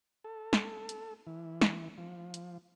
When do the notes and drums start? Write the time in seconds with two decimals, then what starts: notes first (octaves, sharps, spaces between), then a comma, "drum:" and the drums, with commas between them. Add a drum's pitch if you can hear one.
0.24 A4
0.53 drum: snare
0.89 drum: hi-hat
1.27 E3
1.61 drum: snare
1.98 F3
2.34 drum: hi-hat